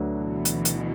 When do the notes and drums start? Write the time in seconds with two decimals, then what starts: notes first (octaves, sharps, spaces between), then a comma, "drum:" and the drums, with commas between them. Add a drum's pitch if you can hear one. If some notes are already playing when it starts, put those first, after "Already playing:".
Already playing: D2 D3 F#3 D4 B4
0.15 B2 E3
0.45 drum: hi-hat
0.65 drum: hi-hat